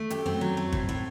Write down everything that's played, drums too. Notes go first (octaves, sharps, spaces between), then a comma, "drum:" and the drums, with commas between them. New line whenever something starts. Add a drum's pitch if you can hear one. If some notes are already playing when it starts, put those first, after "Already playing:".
Already playing: A3
F#2 G4, drum: hi-hat
F#2 C4
F#3
A3
A2, drum: kick
A2